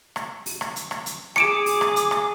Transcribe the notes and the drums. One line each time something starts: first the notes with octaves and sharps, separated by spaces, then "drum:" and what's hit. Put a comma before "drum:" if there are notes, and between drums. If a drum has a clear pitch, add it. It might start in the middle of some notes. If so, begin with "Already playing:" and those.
drum: rim click
drum: open hi-hat
drum: rim click
drum: hi-hat
drum: rim click
drum: hi-hat
G#4 D6 C#7 D7 E7, drum: rim click
drum: open hi-hat
drum: rim click
drum: hi-hat
drum: rim click